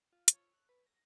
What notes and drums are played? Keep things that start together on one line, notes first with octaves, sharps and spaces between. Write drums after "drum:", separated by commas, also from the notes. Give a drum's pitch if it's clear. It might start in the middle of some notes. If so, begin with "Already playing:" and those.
F4
A4 C#5, drum: hi-hat
F#6
B4
A#6